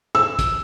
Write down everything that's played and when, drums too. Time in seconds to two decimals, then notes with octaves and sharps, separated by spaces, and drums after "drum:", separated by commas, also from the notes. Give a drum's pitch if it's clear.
0.15 E6, drum: rim click
0.39 drum: kick, hi-hat